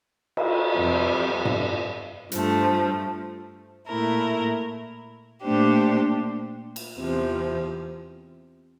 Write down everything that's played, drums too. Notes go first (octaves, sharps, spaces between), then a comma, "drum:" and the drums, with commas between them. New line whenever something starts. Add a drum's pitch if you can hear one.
drum: cymbal
F2 C3 G3
drum: tom G2
G2 F3 A3, drum: hi-hat
A#2 A3 E4 A#4
A#2 A3 D4 G4 C5
drum: cymbal
E2 C3 F3